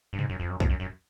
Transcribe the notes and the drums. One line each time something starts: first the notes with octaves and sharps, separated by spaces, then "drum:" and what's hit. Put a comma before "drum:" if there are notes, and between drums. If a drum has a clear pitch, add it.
G2
G#2, drum: tom B2
F#2
F2
F#2
F2, drum: kick B1
F#2
F#2